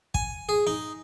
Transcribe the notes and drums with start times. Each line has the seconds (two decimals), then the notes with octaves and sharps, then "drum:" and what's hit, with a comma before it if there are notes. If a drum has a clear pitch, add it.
0.14 G#5, drum: kick
0.49 G#4
0.67 D#4